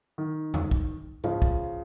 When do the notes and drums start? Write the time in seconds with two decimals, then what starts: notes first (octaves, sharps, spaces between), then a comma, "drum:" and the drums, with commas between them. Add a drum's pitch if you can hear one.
0.18 D#3
0.54 drum: tom E2
0.71 drum: kick
1.24 C#3 F3, drum: tom G#2
1.42 drum: kick